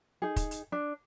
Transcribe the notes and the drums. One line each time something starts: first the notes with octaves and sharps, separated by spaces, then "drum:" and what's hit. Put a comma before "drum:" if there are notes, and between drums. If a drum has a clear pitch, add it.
D#4 G#4
drum: kick, hi-hat
drum: hi-hat
D4